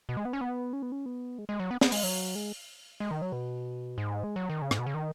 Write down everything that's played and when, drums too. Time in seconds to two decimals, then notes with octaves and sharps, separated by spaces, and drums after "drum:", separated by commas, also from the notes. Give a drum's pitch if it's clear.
0.09 B2
0.17 G#3
0.25 B3
0.33 C#4
0.41 B3
0.73 C#4
0.82 B3
0.92 C#4
1.06 B3
1.38 G#3
1.49 G#3
1.60 F#3
1.71 B3
1.81 B3, drum: snare
1.92 G#3, drum: open hi-hat
2.03 F#3
2.35 G#3
3.00 G#3
3.11 D#3
3.22 F#3
3.32 B2
3.98 G#2
4.24 G#3
4.36 F#3
4.49 D#3
4.62 C#3
4.71 G#2, drum: rim click
4.79 B2
4.87 C#3
4.94 D#3